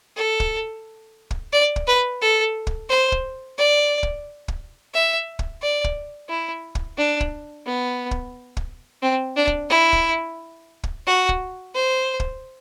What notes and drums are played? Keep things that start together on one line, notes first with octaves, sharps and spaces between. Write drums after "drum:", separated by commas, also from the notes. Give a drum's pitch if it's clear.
A4
drum: kick
drum: kick
D5
drum: kick
B4
A4
drum: kick
C5
drum: kick
D5
drum: kick
drum: kick
E5
drum: kick
D5
drum: kick
E4
drum: kick
D4
drum: kick
B3
drum: kick
drum: kick
C4
D4
drum: kick
E4
drum: kick
drum: kick
F#4
drum: kick
C5
drum: kick